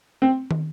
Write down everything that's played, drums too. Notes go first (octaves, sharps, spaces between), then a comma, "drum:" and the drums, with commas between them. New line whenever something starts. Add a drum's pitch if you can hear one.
C4
drum: tom